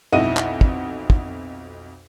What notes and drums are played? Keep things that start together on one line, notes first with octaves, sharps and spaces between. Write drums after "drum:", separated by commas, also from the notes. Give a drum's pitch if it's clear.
B1 F2 E4 D#5 F#5 D#7
drum: clap
drum: kick
drum: kick